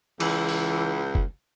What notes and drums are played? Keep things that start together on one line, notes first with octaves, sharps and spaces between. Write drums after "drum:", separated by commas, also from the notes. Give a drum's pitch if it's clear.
C#2 E3, drum: cymbal
drum: open hi-hat
drum: kick